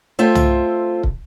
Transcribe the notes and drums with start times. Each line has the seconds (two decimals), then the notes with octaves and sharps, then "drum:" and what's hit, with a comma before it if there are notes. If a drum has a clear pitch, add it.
0.19 A3 C4 F4 E5
0.35 drum: tom
1.04 drum: kick